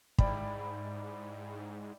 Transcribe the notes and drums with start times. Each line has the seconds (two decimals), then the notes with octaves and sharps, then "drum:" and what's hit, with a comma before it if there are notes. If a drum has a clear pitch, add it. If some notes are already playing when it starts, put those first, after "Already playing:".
0.18 G#2 G3 E4 D5 B5, drum: kick